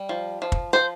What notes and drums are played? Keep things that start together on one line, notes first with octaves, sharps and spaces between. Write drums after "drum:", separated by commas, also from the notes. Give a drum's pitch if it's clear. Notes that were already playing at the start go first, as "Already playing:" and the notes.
Already playing: G3
F3
F3
drum: kick
F3 C5